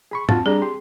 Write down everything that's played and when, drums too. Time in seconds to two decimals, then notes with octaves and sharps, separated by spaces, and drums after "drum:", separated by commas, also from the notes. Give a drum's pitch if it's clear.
0.11 G#4 B5 C#6
0.29 F2 C4 F4 F#4, drum: tom
0.46 G3 D4 G#4 A#5
0.62 G4 C6